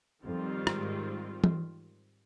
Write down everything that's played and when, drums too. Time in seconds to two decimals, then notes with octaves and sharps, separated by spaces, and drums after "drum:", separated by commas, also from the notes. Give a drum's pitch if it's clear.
0.24 F2 D#3 G3 C4 F4
0.67 G#2, drum: rim click
1.44 drum: tom